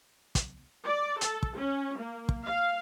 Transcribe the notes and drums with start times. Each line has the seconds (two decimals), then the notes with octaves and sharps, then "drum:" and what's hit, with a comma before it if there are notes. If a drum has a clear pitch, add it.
0.35 drum: kick, hi-hat
0.86 D5
1.21 A4, drum: hi-hat
1.43 drum: kick
1.58 C#4
1.99 A#3
2.29 drum: kick
2.45 F5